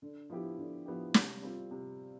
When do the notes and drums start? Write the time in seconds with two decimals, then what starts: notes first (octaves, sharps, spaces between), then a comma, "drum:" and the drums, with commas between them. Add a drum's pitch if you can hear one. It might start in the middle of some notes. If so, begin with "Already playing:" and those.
0.02 D3
0.30 F3 B3 E4 G4
0.58 D3
0.86 F3 B3 E4 G4
1.14 C3, drum: snare
1.42 G3 C4 F4
1.71 C3